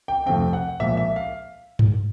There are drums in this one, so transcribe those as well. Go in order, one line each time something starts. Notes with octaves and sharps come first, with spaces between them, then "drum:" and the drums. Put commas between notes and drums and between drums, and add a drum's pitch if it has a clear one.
G5
F2 C3 F3 A3 C4 G5
F#5
A#2 F3 G#3 E5
E5
F5
drum: tom G2